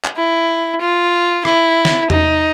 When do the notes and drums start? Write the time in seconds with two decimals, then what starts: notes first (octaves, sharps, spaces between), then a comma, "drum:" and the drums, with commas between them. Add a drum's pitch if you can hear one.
0.04 drum: clap
0.16 E4
0.81 F4
1.45 E4, drum: rim click
1.85 drum: snare
2.10 D#4, drum: tom E2